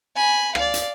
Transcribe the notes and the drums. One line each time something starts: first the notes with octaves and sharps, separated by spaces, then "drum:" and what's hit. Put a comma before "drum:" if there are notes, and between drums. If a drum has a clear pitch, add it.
G#5 B5
D5 F5, drum: rim click
drum: hi-hat